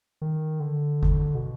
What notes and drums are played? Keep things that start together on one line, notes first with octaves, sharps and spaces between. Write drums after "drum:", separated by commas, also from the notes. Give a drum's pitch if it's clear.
D#3
D3
drum: kick G1
B2